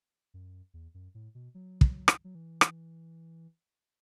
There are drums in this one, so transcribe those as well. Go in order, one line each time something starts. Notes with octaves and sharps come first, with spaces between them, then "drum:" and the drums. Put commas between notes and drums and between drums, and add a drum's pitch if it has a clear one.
F#2
E2
F#2
A2
B2
F#3
drum: kick
drum: rim click
F#3
E3
drum: rim click